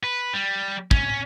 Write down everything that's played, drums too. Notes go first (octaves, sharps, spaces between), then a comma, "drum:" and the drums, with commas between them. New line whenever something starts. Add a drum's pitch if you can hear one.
B4
G3
C#4, drum: kick